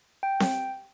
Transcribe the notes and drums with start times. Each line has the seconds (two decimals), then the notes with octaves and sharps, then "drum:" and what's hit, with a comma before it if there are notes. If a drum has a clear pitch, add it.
0.23 G5
0.40 drum: snare C4